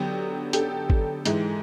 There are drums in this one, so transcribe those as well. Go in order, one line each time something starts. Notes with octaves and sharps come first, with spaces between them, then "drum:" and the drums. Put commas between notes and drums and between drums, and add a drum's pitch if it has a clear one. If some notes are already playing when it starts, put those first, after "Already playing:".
Already playing: D3 F#3 B3 G4
G4 A4, drum: hi-hat
drum: kick
G#2 E3 G#3, drum: hi-hat